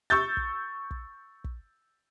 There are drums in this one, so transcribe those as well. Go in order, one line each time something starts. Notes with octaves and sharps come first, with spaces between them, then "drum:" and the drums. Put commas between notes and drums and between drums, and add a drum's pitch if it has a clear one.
C#6 E6 G6 A6
drum: kick
drum: kick
drum: kick